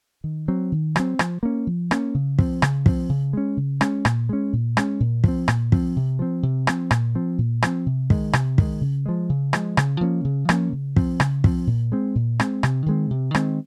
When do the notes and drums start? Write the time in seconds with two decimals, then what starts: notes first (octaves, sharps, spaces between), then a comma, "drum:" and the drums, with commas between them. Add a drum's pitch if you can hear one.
0.24 D#3
0.48 F#3 C4
0.72 D#3
0.96 F#3 C4, drum: rim click
1.19 F3, drum: rim click
1.43 A#3 C#4
1.67 F3
1.91 A#3 C#4, drum: rim click
2.14 C#3
2.39 F3 C4, drum: kick
2.62 C#3, drum: rim click
2.86 F3 C4, drum: kick
3.09 C#3
3.33 G#3 C#4
3.57 C#3
3.81 G#3 C#4, drum: rim click
4.05 A#2, drum: rim click
4.29 G#3 C#4
4.53 A#2
4.77 G#3 C#4, drum: rim click
5.00 A#2
5.24 F3 C4, drum: kick
5.48 A#2, drum: rim click
5.72 F3 C4, drum: kick
5.96 C3
6.19 F3 C4
6.43 C3
6.67 F3 C4, drum: rim click
6.91 A#2, drum: rim click
7.15 F3 C4
7.38 A#2
7.62 F3 C4, drum: rim click
7.86 C3
8.10 D#3 G#3, drum: kick
8.33 C3, drum: rim click
8.58 D#3 G#3, drum: kick
8.81 C#3
9.06 F3 G#3
9.29 C#3
9.53 F3 G#3, drum: rim click
9.77 C#3, drum: rim click
10.01 F3 A#3 C#4
10.25 C#3
10.49 F3 A#3 C#4, drum: rim click
10.73 C#3
10.96 F3 C4, drum: kick
11.20 C#3, drum: rim click
11.44 F3 C4, drum: kick
11.67 A#2
11.92 G#3 C4
12.15 A#2
12.40 G#3 C4, drum: rim click
12.63 C3, drum: rim click
12.86 D#3 G#3 C4
13.11 C3
13.35 D#3 G#3 C4, drum: rim click